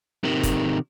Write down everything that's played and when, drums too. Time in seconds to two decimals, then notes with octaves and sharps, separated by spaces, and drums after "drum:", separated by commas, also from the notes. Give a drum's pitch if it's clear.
0.24 C3 D#3
0.43 drum: kick, hi-hat